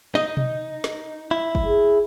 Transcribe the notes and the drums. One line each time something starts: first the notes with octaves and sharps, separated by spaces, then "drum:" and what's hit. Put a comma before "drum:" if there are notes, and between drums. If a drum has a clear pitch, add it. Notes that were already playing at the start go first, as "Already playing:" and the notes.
D#4 D#5
drum: tom B2
drum: snare
E4
drum: kick
G#4